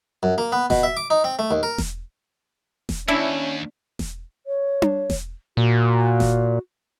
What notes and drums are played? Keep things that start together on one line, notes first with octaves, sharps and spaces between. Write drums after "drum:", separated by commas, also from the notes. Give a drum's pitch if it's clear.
F#2
A#3
B3
B2, drum: snare E1
E5
D6
D#4
C4
A3
D#2
A#4
drum: snare E1
drum: snare E1
D#2 C#4 D4 E4
drum: snare E1
C#5
drum: tom D4
drum: snare E1
A#2 F#4
drum: snare E1